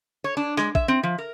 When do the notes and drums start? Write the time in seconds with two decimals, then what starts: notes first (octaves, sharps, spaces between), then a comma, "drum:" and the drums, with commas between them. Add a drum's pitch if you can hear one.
0.24 C#5
0.37 D4
0.57 G#3, drum: rim click
0.75 E5, drum: kick A1
0.88 C4
1.03 F3
1.18 A#4